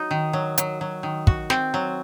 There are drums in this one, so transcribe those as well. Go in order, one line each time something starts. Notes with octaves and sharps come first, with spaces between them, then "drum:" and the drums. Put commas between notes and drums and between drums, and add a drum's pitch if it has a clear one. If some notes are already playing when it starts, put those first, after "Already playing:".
Already playing: F#3 D#4
D#3
F#3
F#3, drum: hi-hat
F#3
D#3
F#4, drum: kick
C4, drum: snare
F#3